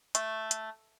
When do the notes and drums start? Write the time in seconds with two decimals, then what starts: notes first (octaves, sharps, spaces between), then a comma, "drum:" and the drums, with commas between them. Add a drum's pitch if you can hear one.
0.15 A3, drum: hi-hat
0.51 drum: hi-hat